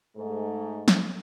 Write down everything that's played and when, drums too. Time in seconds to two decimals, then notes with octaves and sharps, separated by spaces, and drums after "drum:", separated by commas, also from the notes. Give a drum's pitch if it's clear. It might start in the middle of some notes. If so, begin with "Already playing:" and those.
0.16 G#2 A3
0.88 drum: snare